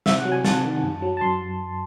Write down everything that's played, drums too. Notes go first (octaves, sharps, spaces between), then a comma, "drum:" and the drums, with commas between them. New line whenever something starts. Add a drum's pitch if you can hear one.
C3 E5, drum: snare
F#5
F#3
G#5
C3 A5, drum: snare
D#3
F#2
F#3
A5
F#2 C6